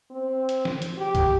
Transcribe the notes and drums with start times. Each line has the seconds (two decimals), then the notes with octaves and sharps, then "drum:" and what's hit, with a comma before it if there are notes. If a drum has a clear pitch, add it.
0.11 C4
0.49 drum: hi-hat
0.65 drum: snare
0.82 drum: hi-hat
0.98 G4
1.15 drum: kick C2, hi-hat